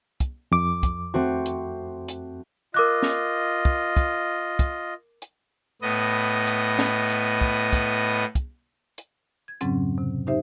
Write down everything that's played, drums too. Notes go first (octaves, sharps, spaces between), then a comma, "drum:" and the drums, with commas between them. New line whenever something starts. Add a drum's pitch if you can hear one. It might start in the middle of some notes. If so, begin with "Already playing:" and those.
drum: kick, hi-hat
F2 D6
drum: kick, hi-hat
A3 C4 F#4
drum: hi-hat
drum: hi-hat
F4 A#4 D#5 D6 F#6
drum: snare
drum: kick
drum: kick, hi-hat
drum: kick, hi-hat
drum: hi-hat
A2 B3 D#5
drum: hi-hat
drum: snare
drum: hi-hat
drum: kick
drum: kick, hi-hat
drum: kick, hi-hat
drum: hi-hat
G#6
F2 G#2 C#3 F#3 C4 C#4, drum: hi-hat
C3
D#4 G4 C5 E5